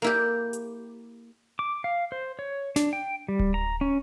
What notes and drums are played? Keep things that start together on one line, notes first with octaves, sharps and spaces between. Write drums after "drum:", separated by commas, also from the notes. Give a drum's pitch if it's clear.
A#3 E4 G4
drum: hi-hat
D6
F5
C5
C#5
D4, drum: snare
G5
G3
drum: kick D1
A#5
C#4